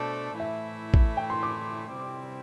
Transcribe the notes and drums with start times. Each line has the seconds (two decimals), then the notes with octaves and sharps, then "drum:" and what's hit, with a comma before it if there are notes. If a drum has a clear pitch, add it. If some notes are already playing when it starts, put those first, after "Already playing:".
Already playing: B2 A3 D4 A4 C5
0.39 A2 E3 A3 E4 E5
0.94 drum: kick
1.17 G5
1.30 C6
1.43 D6
1.94 C3 G3 C4 E4